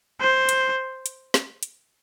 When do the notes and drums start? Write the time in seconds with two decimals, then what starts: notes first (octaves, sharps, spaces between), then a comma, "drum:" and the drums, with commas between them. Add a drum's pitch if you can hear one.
0.20 C5
0.49 drum: hi-hat
1.06 drum: hi-hat
1.34 drum: snare
1.63 drum: hi-hat